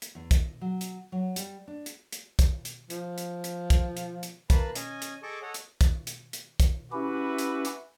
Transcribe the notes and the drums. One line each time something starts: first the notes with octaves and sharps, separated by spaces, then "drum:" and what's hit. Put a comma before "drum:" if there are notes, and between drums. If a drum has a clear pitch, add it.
drum: hi-hat
E2
D#5, drum: kick, hi-hat
F#3
drum: hi-hat
F#3
G3, drum: hi-hat
D4
drum: hi-hat
drum: hi-hat
drum: kick, hi-hat
drum: hi-hat
F3, drum: hi-hat
drum: hi-hat
drum: hi-hat
drum: kick, hi-hat
drum: hi-hat
drum: hi-hat
A#3 B4 A5 B5, drum: kick, hi-hat
C#4 D#5 G#5, drum: hi-hat
drum: hi-hat
G#4 A4 D#5 A5 C#6 D6
A4 C#5 D#5 F#5
drum: hi-hat
drum: kick, hi-hat
drum: hi-hat
drum: hi-hat
drum: kick, hi-hat
C#4 E4 F#4 G4 B4 E5
drum: hi-hat
drum: hi-hat